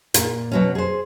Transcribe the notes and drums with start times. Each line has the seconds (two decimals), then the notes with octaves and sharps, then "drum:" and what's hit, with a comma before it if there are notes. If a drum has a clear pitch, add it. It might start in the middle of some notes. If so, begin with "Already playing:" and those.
0.14 A#2, drum: hi-hat
0.51 B2 F#3 C#4
0.75 G#4 C5